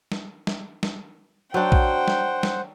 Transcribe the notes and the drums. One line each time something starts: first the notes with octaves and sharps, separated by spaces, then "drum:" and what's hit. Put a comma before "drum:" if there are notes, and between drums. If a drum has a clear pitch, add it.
drum: snare
drum: snare
drum: snare
F#3 D4 C5 F#5 G5
drum: kick A#1
drum: snare
drum: snare